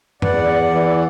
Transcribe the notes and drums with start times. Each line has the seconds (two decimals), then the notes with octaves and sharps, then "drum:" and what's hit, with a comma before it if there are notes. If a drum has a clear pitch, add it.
0.22 E2 B4 D5 F#5, drum: tom F#2
0.73 E3